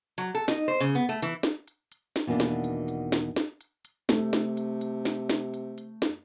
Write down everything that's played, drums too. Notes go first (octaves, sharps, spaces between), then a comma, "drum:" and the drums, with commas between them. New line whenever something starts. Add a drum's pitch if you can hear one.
F#3
A4
D#4, drum: snare
C5
C#3
B3, drum: hi-hat
A3
E3
drum: snare
drum: hi-hat
drum: hi-hat
drum: snare
E2 B2 D#3 A#3 D4
drum: snare
drum: hi-hat
drum: hi-hat
drum: snare
drum: snare
drum: hi-hat
drum: hi-hat
C3 A3, drum: snare
drum: snare
drum: hi-hat
drum: hi-hat
drum: snare
drum: snare
drum: hi-hat
drum: hi-hat
drum: snare